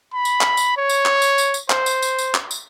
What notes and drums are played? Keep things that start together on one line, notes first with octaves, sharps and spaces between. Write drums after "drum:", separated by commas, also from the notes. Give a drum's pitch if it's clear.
B5
drum: tambourine
drum: clap
drum: tambourine
C#5
drum: tambourine
drum: clap
drum: tambourine
drum: tambourine
drum: tambourine
C5, drum: clap
drum: tambourine
drum: tambourine
drum: tambourine
drum: clap
drum: tambourine